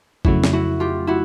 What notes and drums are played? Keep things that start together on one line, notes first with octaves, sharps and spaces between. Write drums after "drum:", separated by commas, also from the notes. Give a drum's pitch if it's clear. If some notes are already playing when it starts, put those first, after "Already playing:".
F2 C#3 F#3 A3 E4 F#4, drum: kick G#1
drum: snare
E4 F#4
F4 G4
E4 F#4